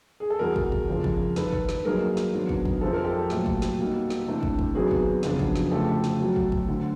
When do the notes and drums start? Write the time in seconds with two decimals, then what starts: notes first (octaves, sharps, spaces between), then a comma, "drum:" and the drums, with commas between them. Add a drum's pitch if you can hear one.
0.20 G#4
0.30 A4
0.39 E2 B2 G3 G#4 A#4
0.56 drum: kick
0.72 drum: kick
0.88 F2 C#3 F3 G#3
1.04 drum: kick
1.36 G2 D#3 G3 A4 B4, drum: snare
1.53 drum: kick
1.69 drum: snare
1.85 G2 D#3 F#3 A#3 D#4 G#4 A#4
2.17 drum: snare
2.33 G#2 D#3 F#3 B3 D4
2.49 drum: kick
2.65 drum: kick
2.81 F2 C3 F3 G#3 C4 A4
2.93 A#4
3.04 G4 A4
3.30 A#2 F#3 A3, drum: snare
3.46 drum: kick
3.62 drum: snare
3.79 B2 G3 A#3 D#4
4.10 drum: snare
4.26 C3 E3 A3 D4
4.43 drum: kick
4.59 drum: kick
4.75 C3 D#3 F#3 B3 F#4 G#4
4.91 drum: kick
5.23 F2 C#3 F#3 B3 D4, drum: snare
5.39 drum: kick
5.55 drum: snare
5.71 D2 C#3 F3 A3 G4 A4
6.04 drum: snare
6.20 B2 F#3 A3
6.36 drum: kick
6.52 drum: kick
6.68 D2 D3 F#3